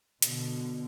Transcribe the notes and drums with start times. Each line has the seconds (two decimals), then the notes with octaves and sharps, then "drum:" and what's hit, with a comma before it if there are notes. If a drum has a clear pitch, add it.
0.22 B2 D3, drum: hi-hat